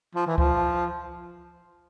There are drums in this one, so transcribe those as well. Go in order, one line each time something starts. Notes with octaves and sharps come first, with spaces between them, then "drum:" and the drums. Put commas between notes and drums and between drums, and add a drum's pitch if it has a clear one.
F3
E3
F3, drum: kick C#2